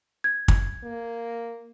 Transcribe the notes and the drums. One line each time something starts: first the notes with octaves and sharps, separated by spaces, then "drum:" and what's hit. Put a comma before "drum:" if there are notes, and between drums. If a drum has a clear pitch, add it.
G#6
drum: kick
A#3